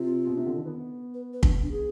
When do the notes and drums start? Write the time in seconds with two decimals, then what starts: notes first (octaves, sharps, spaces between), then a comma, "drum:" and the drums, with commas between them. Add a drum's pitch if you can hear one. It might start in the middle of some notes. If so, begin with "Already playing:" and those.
Already playing: C3 F4
0.27 B2
0.37 C3
0.46 D3
0.56 D#3
0.66 B3
1.14 B4
1.33 B4
1.43 D4, drum: kick
1.62 D4
1.71 G#4